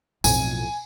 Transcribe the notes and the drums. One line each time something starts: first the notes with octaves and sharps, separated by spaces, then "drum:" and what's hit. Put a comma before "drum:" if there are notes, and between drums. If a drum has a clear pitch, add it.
B1 F2 A2 G#5, drum: tambourine